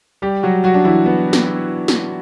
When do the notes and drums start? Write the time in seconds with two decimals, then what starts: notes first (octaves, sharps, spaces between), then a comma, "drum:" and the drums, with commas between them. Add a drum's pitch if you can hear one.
0.22 G3 G4
0.43 F#3 F#4
0.64 F#3 F#4
0.74 D4
0.84 E3 E4
1.06 B3
1.33 drum: snare
1.88 drum: snare